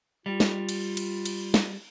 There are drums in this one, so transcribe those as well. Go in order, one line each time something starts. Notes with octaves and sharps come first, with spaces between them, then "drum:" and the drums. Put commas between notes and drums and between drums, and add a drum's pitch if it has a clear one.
G3 F4
drum: snare
drum: cymbal
drum: cymbal
drum: cymbal
drum: snare